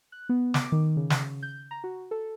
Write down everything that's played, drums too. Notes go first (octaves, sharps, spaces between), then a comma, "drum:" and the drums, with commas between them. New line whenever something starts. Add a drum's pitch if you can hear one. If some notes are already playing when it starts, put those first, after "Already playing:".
F#6
B3
D6, drum: snare
D#3
C#3
drum: snare
G6
A#5
F#4
A4